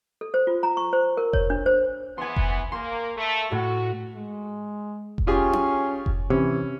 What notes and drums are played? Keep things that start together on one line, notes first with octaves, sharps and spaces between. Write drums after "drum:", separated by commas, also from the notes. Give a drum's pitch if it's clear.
A4
C5
F4
A#5
C#6
C5
A#4
C#5, drum: kick F1
D4
C5
E3 B3 G#5 C6
drum: kick F1
A#3 C6
A3
A2 F#4
G#3
drum: kick F1
C#4 F4 G4 G#4
drum: tom C#4
drum: kick F1
C3 E3 C#4